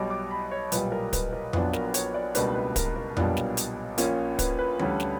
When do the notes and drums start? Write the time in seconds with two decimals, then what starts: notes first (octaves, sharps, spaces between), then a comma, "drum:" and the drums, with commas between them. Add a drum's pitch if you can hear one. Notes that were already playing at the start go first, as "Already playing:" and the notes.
Already playing: B1 B2 G3 D6
0.10 D6
0.31 B5
0.51 C#5
0.72 B1 A#2 G3 B4, drum: hi-hat
0.92 A#4
1.13 B4, drum: kick, hi-hat
1.33 A#4
1.53 A#1 A#2 F#3 B3 D4 B4, drum: tom F2
1.73 A#4, drum: snare
1.94 C#5, drum: hi-hat
2.14 D5
2.35 C#2 B2 G3 A#3 D4 B4, drum: hi-hat
2.55 B4
2.76 A#4, drum: kick, hi-hat
2.96 A#4
3.17 B1 A#2 G3 B3 D4, drum: tom F2
3.37 drum: snare
3.57 drum: hi-hat
3.98 A#1 A#2 A#3 C#4, drum: hi-hat
4.39 B4, drum: kick, hi-hat
4.59 B4
4.79 D2 D3 G3 C#4, drum: tom E3
5.00 drum: snare